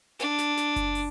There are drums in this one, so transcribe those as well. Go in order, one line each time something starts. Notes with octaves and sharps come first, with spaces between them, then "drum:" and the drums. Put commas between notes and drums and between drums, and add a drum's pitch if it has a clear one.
D4, drum: snare
drum: snare
drum: snare
drum: kick F#1, hi-hat
drum: open hi-hat